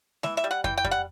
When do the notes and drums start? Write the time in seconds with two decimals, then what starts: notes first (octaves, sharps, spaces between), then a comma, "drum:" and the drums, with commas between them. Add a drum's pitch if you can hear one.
0.23 E3 E5, drum: snare G#3
0.37 E5
0.44 G3
0.51 F#5
0.64 E3 G5, drum: kick
0.78 G5
0.84 G3, drum: kick
0.91 F#5